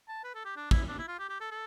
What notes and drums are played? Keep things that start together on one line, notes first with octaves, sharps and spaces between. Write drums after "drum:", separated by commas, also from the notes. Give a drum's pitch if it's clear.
A5
B4
A4
G4
D4
E4, drum: kick
D4
E4
F4
G4
G4
A4
A4